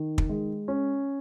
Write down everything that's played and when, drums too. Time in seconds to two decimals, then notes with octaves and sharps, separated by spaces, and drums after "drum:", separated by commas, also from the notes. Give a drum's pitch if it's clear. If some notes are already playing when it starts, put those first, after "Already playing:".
Already playing: D#3
0.18 drum: kick
0.29 G#3
0.68 C#4